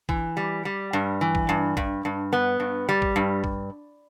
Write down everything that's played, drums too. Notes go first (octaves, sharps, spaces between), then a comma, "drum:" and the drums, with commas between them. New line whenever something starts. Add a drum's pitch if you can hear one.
E3, drum: kick A1
G3
G3
G2
E3
drum: kick A1
G2
G2, drum: kick A1
G2
B3
G2
G3
drum: kick A1
G2
drum: kick A1